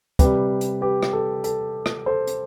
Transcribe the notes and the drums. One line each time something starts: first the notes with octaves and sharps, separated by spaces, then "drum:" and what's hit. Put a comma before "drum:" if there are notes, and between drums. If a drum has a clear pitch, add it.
C3 G3 G4 B4, drum: kick, hi-hat
drum: hi-hat
G4 B4
drum: rim click
A4
A4, drum: hi-hat
drum: rim click
A4 C5
drum: hi-hat